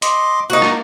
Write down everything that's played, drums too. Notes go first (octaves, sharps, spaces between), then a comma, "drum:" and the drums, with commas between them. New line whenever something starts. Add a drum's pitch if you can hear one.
D#5 C6 D6, drum: hi-hat
A#3 D#4 F#4
drum: rim click